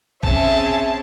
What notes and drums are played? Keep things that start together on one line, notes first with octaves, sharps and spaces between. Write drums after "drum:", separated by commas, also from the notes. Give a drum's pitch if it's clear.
C4 C#4 G#4 E5 A5, drum: kick